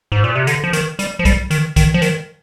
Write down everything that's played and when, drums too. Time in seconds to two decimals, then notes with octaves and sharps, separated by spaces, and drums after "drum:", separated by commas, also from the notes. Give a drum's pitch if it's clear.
0.12 G#2
0.24 A#2
0.35 C3
0.47 D3, drum: hi-hat
0.64 F3
0.73 D#3, drum: hi-hat
0.99 G3, drum: hi-hat
1.19 F3
1.25 G3, drum: kick B1, hi-hat
1.50 D#3, drum: hi-hat
1.76 D#3, drum: kick B1, hi-hat
1.94 F3
2.02 D#3, drum: hi-hat